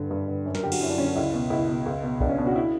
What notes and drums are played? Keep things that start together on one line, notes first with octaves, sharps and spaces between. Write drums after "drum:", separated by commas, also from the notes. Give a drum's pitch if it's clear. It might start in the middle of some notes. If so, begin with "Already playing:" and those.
Already playing: G2 D3 B4
G2
D3
F#2
A#4, drum: snare
D3 G4
F#4, drum: cymbal
F#2 E4
D4
D3 C#4
D4
C#2 E4
B2
C#2 E4
B2
C#2
B2
C#2 D4, drum: kick B1
C#4
B2 D4
F#4
E4